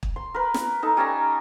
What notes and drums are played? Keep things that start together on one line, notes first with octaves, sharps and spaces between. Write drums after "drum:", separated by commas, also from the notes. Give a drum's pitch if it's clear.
drum: kick
C6
A#4 B4
drum: snare
D#4 A4
G3 C#4 A5 A#5